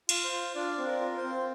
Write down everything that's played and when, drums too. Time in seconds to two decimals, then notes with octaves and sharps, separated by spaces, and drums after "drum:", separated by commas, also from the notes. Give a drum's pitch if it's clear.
0.09 F4, drum: cymbal
0.24 C5
0.32 F4
0.55 D4 F4 D5
0.78 C4
0.86 A#4
1.01 F4
1.17 C5
1.24 C4